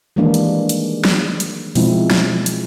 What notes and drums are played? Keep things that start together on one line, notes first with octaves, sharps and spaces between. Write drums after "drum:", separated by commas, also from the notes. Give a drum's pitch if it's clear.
D#3 E3 G3 G#3 A#3 D4
drum: hi-hat
drum: hi-hat
drum: snare
drum: hi-hat
B2 F3 G#3 C4 E4, drum: open hi-hat
drum: snare
drum: hi-hat